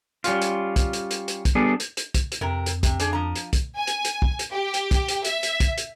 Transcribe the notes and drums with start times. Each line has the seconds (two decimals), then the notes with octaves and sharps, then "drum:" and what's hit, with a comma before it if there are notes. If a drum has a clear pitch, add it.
0.24 G3 C#4 F4, drum: hi-hat
0.42 drum: hi-hat
0.76 drum: kick, hi-hat
0.93 drum: hi-hat
1.11 drum: hi-hat
1.28 drum: hi-hat
1.45 drum: kick, hi-hat
1.55 G3 B3 D4 G#4 A4
1.80 drum: hi-hat
1.97 drum: hi-hat
2.14 drum: kick, hi-hat
2.32 drum: hi-hat
2.41 F2 C3 A#4
2.66 drum: hi-hat
2.83 C3, drum: kick, hi-hat
3.00 D4 G#4, drum: hi-hat
3.13 F3 A#5
3.36 drum: hi-hat
3.53 drum: kick, hi-hat
3.76 G#5
3.87 drum: hi-hat
4.05 drum: hi-hat
4.22 drum: kick
4.39 drum: hi-hat
4.52 G4
4.74 drum: hi-hat
4.91 drum: kick, hi-hat
5.08 drum: hi-hat
5.25 E5, drum: hi-hat
5.43 drum: hi-hat
5.60 drum: kick, hi-hat
5.78 drum: hi-hat